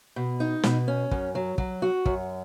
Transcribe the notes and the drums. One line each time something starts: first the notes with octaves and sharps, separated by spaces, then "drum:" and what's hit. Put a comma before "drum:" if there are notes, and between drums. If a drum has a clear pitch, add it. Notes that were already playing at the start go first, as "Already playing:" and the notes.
B2
D#4
B2, drum: snare
C#4
F#2, drum: kick
F#3
F#3, drum: kick
F#4
F#2, drum: kick